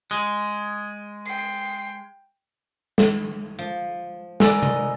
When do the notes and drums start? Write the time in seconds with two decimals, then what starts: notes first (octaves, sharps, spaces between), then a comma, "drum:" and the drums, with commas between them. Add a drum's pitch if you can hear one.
0.11 G#3
1.26 G5 C7
2.98 drum: snare
3.59 F3
4.40 A#4 B4 D5 G#5 E6 A6, drum: snare
4.62 D#5, drum: tom C3